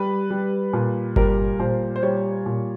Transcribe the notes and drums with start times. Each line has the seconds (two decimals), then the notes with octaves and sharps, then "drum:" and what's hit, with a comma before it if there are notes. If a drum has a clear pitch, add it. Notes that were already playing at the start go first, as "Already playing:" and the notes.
Already playing: G3 B4
0.30 G3
0.73 A#2
1.16 G3 A#4, drum: kick G1
1.59 A#2 C5
1.96 C5
2.03 G3 C#5
2.46 A#2